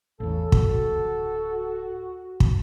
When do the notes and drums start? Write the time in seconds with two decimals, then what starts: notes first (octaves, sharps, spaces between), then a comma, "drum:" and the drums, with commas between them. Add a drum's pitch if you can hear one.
0.20 A1 E2 C#3 A4
0.52 D1 F#4, drum: kick
2.40 drum: kick